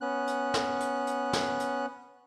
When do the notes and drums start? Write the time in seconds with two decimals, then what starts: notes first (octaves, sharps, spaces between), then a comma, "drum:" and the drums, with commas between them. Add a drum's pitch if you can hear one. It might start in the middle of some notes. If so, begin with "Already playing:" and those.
0.01 B3 C#4 F#6
0.27 drum: hi-hat
0.54 drum: snare
0.80 drum: hi-hat
1.07 drum: hi-hat
1.33 drum: snare
1.60 drum: hi-hat